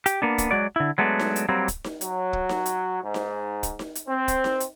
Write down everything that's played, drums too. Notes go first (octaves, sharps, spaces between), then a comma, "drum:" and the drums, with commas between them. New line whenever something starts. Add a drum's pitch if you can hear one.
G4, drum: hi-hat
A#3 B3 D4
drum: kick, hi-hat
F#3 G#3 F#4 D5
D3 E4
F#3 G#3 A3 B3 D4
drum: snare D#4
drum: hi-hat
F#3 G3 A#3 C4 G4
drum: kick, hi-hat
drum: snare D#4
F#3, drum: hi-hat
drum: kick
drum: snare D#4
drum: hi-hat
G#2
drum: snare D#4
drum: kick, hi-hat
drum: snare D#4
drum: hi-hat
C4
drum: kick, hi-hat
drum: snare D#4
drum: hi-hat